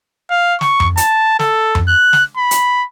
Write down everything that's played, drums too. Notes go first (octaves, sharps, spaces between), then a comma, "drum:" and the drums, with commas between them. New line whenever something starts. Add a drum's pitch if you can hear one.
F5
C#6, drum: snare
drum: tom F2
A5, drum: hi-hat
A4, drum: snare
drum: tom F2
F#6
drum: snare
B5
drum: hi-hat